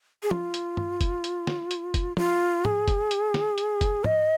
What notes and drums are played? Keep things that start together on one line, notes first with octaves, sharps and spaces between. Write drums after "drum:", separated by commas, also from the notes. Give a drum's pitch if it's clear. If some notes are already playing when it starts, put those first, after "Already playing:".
G#4
F4, drum: tom
drum: hi-hat
drum: tom
drum: kick, hi-hat
drum: hi-hat
drum: snare
drum: hi-hat
drum: kick, hi-hat
F4, drum: tom
G#4, drum: tom
drum: kick, hi-hat
drum: hi-hat
drum: snare
drum: hi-hat
drum: kick, hi-hat
D#5, drum: tom